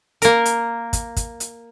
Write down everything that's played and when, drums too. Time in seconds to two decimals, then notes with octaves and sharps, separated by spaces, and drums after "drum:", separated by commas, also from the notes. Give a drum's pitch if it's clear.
0.22 A#3 A#4, drum: hi-hat
0.45 drum: hi-hat
0.93 drum: kick, hi-hat
1.16 drum: kick, hi-hat
1.40 drum: hi-hat